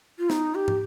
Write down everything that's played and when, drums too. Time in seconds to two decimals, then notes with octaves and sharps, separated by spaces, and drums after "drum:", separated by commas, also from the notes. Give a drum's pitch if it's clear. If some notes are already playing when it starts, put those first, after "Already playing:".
0.19 F4
0.30 D#4, drum: snare
0.55 G4
0.68 drum: tom